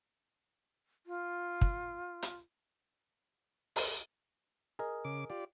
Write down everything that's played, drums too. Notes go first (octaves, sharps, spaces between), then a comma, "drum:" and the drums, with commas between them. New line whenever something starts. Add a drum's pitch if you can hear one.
F4
drum: kick
drum: hi-hat
drum: open hi-hat
G#4 A#4 D#5
C#3 D6
F4 G4 D5